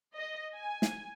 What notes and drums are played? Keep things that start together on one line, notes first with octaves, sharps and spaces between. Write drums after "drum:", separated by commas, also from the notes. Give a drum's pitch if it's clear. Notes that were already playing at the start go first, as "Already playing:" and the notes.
D#5
G#5
drum: snare